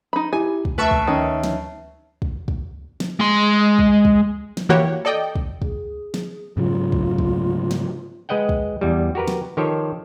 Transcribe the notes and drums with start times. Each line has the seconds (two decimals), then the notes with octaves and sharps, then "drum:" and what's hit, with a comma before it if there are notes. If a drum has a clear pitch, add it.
0.13 D#4 B5
0.33 E4 G4 G#5
0.65 drum: kick
0.78 D2 C#3 B4 E5 A5 C#6
0.91 drum: kick
1.07 D#3 C#4
1.43 drum: snare
2.22 drum: kick
2.48 drum: kick
3.00 drum: snare
3.20 G#3 C6
3.79 drum: kick
4.05 drum: kick
4.57 drum: snare
4.69 E3 A#3 F#4 G4 C#5
5.05 A4 D5 D#5 G5
5.35 drum: kick
5.62 G#4, drum: kick
6.14 drum: snare
6.57 G#2 C#3 F#3 F4
6.92 drum: kick
7.18 drum: kick
7.71 drum: snare
8.29 G#3 B4 D#5 F#5 G5
8.49 drum: kick
8.81 E2 G3
9.15 F#4 G4 A#4 B4
9.28 drum: snare
9.57 D#3 F3 G4 A4 C5 C#5